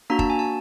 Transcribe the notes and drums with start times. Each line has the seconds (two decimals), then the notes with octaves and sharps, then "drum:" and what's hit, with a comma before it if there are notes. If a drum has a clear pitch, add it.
0.10 A#3 D4 F#4 A#5
0.19 A5, drum: kick
0.30 G#5
0.39 A5